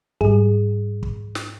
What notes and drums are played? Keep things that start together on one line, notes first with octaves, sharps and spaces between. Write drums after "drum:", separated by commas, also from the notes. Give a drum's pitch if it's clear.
G#2 G3 G#4, drum: kick
drum: kick
drum: snare